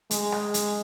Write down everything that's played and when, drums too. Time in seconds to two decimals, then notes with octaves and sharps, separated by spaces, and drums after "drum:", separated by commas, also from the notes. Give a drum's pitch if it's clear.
0.11 G#3, drum: hi-hat
0.32 drum: rim click
0.54 drum: hi-hat